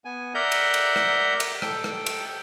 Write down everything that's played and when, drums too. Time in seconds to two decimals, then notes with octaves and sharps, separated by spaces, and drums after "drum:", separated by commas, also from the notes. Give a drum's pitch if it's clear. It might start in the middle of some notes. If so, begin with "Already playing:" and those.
0.05 B3 G#5
0.35 A#4 D5 E5 F#5 A#5 G6
0.52 drum: cymbal
0.74 drum: cymbal
0.96 drum: rim click
1.40 drum: cymbal
1.62 A4 G5, drum: rim click
1.84 drum: rim click
2.06 drum: cymbal